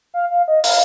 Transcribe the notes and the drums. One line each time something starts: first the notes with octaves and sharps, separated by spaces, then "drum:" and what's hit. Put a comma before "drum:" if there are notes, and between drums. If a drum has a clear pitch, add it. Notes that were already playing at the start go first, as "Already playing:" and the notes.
F5
F5
D#5
F5, drum: open hi-hat